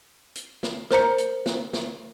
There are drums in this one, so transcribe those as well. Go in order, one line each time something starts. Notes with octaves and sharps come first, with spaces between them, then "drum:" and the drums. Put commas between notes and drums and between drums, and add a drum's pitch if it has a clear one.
drum: hi-hat
drum: snare
A#4 C5 A#5 C#7, drum: snare
drum: hi-hat
drum: snare
drum: snare